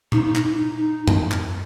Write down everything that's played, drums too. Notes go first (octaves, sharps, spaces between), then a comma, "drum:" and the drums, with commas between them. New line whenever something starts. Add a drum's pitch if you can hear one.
D#4, drum: tom A#2
D#4
drum: clap
E4
D#4
D#4
drum: tom F#2
drum: clap